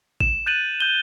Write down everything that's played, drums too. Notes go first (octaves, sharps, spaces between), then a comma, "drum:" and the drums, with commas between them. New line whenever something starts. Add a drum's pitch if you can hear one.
E7, drum: kick G#1
F#6 G6 A6 D#7 E7 F#7
G6 G7